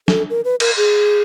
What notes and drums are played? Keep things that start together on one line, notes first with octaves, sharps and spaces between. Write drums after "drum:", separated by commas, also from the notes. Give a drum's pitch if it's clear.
A4, drum: snare
A#4
B4
A#4, drum: cymbal
G#4